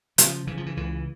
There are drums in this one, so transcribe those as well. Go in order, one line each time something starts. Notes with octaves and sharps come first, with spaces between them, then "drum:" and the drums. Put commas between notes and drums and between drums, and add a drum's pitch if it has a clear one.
C#3 F3, drum: hi-hat
C#3 E3
F3
E3
C#2 E3